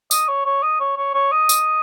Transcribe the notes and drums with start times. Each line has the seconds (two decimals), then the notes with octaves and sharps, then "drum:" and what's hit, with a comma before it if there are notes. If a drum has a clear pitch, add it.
0.11 D#5, drum: tambourine
0.28 C#5
0.45 C#5
0.63 D#5
0.80 C#5
0.97 C#5
1.14 C#5
1.32 D#5
1.49 drum: tambourine